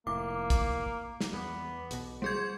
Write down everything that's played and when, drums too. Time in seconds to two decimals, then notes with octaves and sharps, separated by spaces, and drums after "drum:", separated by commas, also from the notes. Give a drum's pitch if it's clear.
0.07 F1 A2 A#3 D6
0.50 drum: kick, hi-hat
1.21 drum: snare
1.33 E2 B3
1.91 B1 B2, drum: hi-hat
2.22 G3 G#4 C5 G#6